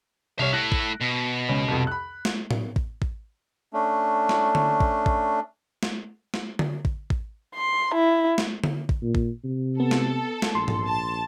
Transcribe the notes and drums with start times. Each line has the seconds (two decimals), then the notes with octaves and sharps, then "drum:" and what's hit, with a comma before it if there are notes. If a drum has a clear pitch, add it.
0.39 C2 C#5 E5 F5
0.53 A3 E4 F#6 A#6
0.72 drum: kick A1
1.01 B2
1.48 C#2 C#4 B5
1.68 C2 F2
1.87 B5 F#6
2.25 drum: snare
2.51 drum: tom A2
2.76 drum: kick A1
3.02 drum: kick A1
3.73 A3 C#4 D4
4.29 drum: snare
4.55 drum: tom D3
4.80 drum: kick A1
5.06 drum: kick A1
5.83 drum: snare
6.34 drum: snare
6.59 drum: tom D3
6.85 drum: kick A1
7.10 drum: kick A1
7.55 C6
7.94 E4
8.38 drum: snare
8.64 drum: tom D3
8.89 drum: kick A1
9.02 A#2
9.15 drum: kick A1
9.44 C3
9.80 B3 A4
9.91 drum: snare
10.42 drum: snare
10.55 A#1 C6
10.68 drum: tom G#2
10.87 A5